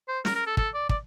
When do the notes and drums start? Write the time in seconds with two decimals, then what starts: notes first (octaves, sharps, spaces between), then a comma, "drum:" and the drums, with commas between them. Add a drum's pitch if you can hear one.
0.08 C5
0.25 A#4, drum: snare
0.36 A#4
0.46 A4
0.57 A4, drum: kick
0.74 D5
0.89 D5, drum: kick